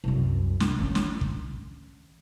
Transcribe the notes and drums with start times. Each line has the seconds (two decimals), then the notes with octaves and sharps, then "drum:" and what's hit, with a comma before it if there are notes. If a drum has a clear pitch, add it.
0.04 C2 F#2
0.60 drum: snare
0.78 D#3 C#4
0.95 drum: snare
1.21 drum: kick